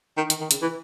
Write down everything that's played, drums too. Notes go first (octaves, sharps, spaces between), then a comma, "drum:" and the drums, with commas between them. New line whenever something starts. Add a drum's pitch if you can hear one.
D#3
D#3, drum: hi-hat
D#3
C#3, drum: hi-hat
E3